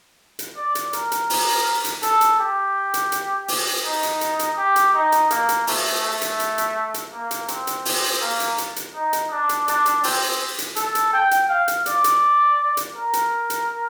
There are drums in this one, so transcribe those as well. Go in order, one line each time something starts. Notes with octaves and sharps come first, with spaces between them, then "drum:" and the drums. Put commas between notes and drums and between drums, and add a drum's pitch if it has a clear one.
drum: hi-hat
D5
drum: hi-hat
A#4, drum: hi-hat
drum: hi-hat
drum: open hi-hat
drum: hi-hat
A4, drum: hi-hat
drum: hi-hat
G4
drum: hi-hat
drum: hi-hat
drum: open hi-hat
D#4
drum: hi-hat
drum: hi-hat
drum: hi-hat
G4
drum: hi-hat
D#4
drum: hi-hat
A#3, drum: hi-hat
drum: hi-hat
A3, drum: open hi-hat
A3
drum: hi-hat
drum: hi-hat
drum: hi-hat
drum: hi-hat
A#3
drum: hi-hat
C4, drum: hi-hat
drum: hi-hat
drum: open hi-hat
A#3
drum: hi-hat
drum: hi-hat
drum: hi-hat
D#4
drum: hi-hat
D4
drum: hi-hat
D4, drum: hi-hat
drum: hi-hat
C4, drum: open hi-hat
drum: hi-hat
A4, drum: hi-hat
drum: hi-hat
G5
drum: hi-hat
F5
drum: hi-hat
D5, drum: hi-hat
drum: hi-hat
drum: hi-hat
A#4
drum: hi-hat
drum: hi-hat